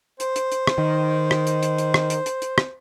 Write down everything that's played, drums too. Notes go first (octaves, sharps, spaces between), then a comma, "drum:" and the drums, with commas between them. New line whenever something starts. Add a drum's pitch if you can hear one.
C5, drum: hi-hat
drum: hi-hat
drum: hi-hat
drum: rim click
D#3
drum: rim click
drum: hi-hat
drum: hi-hat
drum: hi-hat
drum: rim click
drum: hi-hat
drum: hi-hat
drum: hi-hat
drum: rim click